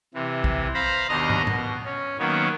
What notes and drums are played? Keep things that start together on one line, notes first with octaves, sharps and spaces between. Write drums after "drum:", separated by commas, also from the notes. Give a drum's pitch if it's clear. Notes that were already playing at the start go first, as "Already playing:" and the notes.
C3 E3
drum: kick
C5 F5 A#5 B5
D#2 B2 D4 D#5 A#5 F6
drum: tom
B2, drum: tom G#2
C#4
D#3 F#3 A#3 B3 C#4